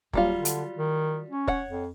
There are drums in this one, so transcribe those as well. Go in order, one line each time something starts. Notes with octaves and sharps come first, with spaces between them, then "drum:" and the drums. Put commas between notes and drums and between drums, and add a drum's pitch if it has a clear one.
D#2 F#3 G3 F4, drum: kick
D3
drum: hi-hat
D#3
C#4
C#5 F#5, drum: kick
F2